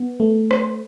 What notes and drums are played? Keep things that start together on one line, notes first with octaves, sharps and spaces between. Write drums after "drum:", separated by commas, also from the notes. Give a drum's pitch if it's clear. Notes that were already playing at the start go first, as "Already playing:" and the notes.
Already playing: B3
A3
drum: rim click